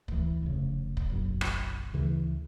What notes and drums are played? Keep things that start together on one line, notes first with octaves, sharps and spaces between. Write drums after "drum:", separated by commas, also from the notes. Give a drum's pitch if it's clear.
D2 E3, drum: kick
F1 C#3
drum: kick
F#1 B1 F#2
drum: rim click
D2 C#3 E3